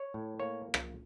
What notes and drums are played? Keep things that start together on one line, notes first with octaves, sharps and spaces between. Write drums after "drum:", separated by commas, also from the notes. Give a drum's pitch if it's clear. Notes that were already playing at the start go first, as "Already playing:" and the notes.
Already playing: C#5
A2
A#3 C#5
drum: rim click